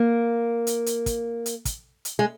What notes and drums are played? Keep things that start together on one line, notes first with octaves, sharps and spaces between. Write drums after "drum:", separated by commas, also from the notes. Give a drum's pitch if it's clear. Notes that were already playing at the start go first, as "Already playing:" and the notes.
Already playing: A#3
drum: hi-hat
drum: hi-hat
drum: kick, hi-hat
drum: hi-hat
drum: kick, hi-hat
drum: hi-hat
G#3